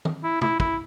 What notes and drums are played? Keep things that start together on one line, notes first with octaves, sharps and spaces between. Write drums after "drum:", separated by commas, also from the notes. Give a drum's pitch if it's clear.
drum: tom D#3
E4
E4, drum: tom
E4, drum: kick